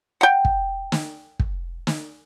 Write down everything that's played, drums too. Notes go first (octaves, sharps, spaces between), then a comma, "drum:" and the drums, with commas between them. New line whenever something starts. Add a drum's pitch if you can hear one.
F#5 G5
drum: kick
drum: snare
drum: kick
drum: snare